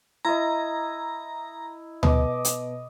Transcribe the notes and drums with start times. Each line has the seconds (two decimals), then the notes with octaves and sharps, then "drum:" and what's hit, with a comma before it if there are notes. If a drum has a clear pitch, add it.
0.25 E4 D#5 A#5
2.03 B2 D#5 D6, drum: tom D2
2.45 drum: hi-hat